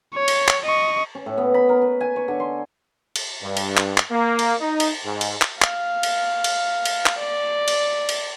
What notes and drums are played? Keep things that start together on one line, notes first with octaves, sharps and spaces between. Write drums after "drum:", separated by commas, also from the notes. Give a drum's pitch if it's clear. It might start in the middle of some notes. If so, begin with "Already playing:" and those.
C#5
drum: cymbal
drum: clap
D#5 C#6
C#4
A2
B3
B5
A#4
B4
G#5
C#5
D3
C6
drum: cymbal
G2
drum: cymbal
drum: clap
drum: clap
A#3
drum: cymbal
D#4
drum: cymbal
G#2
drum: cymbal
drum: clap
F5, drum: clap
drum: cymbal
drum: cymbal
drum: cymbal
drum: clap
D5
drum: cymbal
drum: cymbal